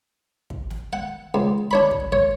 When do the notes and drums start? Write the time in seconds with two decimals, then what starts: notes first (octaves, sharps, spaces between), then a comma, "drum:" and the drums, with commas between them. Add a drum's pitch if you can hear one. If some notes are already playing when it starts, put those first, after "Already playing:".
0.50 drum: kick
0.70 drum: snare
0.93 F#5
1.34 C#2
1.71 D4 C#5 B5
1.91 drum: kick
2.12 C#5, drum: kick